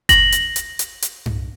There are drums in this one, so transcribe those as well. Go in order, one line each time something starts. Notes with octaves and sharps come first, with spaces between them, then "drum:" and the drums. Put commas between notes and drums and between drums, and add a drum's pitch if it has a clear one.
A#6 F#7, drum: kick F#1, hi-hat
drum: hi-hat
drum: hi-hat
drum: hi-hat
drum: hi-hat
drum: tom G2